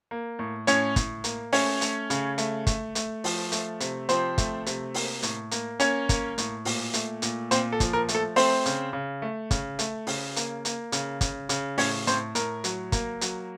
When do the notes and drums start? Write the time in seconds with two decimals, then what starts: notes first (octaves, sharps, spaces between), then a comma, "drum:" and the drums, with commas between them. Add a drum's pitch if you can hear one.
0.11 A#3
0.39 A2
0.67 A2 C#4 C#5, drum: hi-hat
0.96 A2, drum: kick, hi-hat
1.24 A#3, drum: hi-hat
1.53 A3 C#4 C#5, drum: open hi-hat
1.81 A3, drum: hi-hat
2.10 C#3, drum: hi-hat
2.38 A3, drum: hi-hat
2.67 A3, drum: kick, hi-hat
2.95 A3, drum: hi-hat
3.24 F3, drum: open hi-hat
3.52 A3, drum: hi-hat
3.80 C3, drum: hi-hat
4.09 F3 C4 C5, drum: hi-hat
4.38 A3, drum: kick, hi-hat
4.66 C3, drum: hi-hat
4.94 A#3, drum: open hi-hat
5.23 A2, drum: hi-hat
5.51 A#3, drum: hi-hat
5.80 A#3 C#4 C#5, drum: hi-hat
6.09 A#3, drum: kick, hi-hat
6.38 A2, drum: hi-hat
6.65 A#2, drum: open hi-hat
6.94 A3, drum: hi-hat
7.22 A#2, drum: hi-hat
7.51 A#2 C4 C5, drum: hi-hat
7.72 A4
7.80 F3, drum: kick, hi-hat
7.93 A#4
8.08 A3, drum: hi-hat
8.15 A4
8.36 A3 C4 C5, drum: open hi-hat
8.66 C#3, drum: hi-hat
8.93 C#3
9.22 A3
9.51 C#3, drum: kick, hi-hat
9.79 A3, drum: hi-hat
10.07 C#3, drum: open hi-hat
10.36 A#3, drum: hi-hat
10.65 A#3, drum: hi-hat
10.92 C#3, drum: hi-hat
11.21 C#3, drum: kick, hi-hat
11.49 C#3, drum: hi-hat
11.78 A2 C#4 C#5, drum: open hi-hat
12.07 A2 C4 C5, drum: hi-hat
12.35 A2 A#4, drum: hi-hat
12.64 F#3, drum: hi-hat
12.92 A#3, drum: kick, hi-hat
13.21 F#3, drum: hi-hat